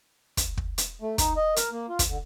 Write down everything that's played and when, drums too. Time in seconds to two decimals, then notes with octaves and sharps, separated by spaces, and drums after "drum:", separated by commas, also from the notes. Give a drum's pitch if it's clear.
0.37 drum: kick, hi-hat
0.57 drum: kick
0.78 drum: hi-hat
1.02 A3
1.18 D#4, drum: kick, hi-hat
1.37 D#5
1.56 A#4, drum: hi-hat
1.72 A#3
1.89 F4
1.99 drum: kick, hi-hat
2.09 D3